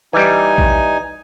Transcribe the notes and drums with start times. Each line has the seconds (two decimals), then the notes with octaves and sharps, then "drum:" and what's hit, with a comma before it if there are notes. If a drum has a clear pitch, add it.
0.13 E3 G3 D#4 G#5
0.58 drum: kick